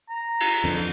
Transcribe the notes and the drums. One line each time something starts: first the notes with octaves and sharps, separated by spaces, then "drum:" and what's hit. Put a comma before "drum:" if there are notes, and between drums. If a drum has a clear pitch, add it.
A#5
drum: cymbal
F2 D3 E3